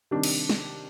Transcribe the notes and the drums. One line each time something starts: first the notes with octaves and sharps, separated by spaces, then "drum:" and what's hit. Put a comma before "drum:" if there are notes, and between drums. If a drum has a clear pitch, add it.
C3 D#3 G3 D4
drum: cymbal
drum: snare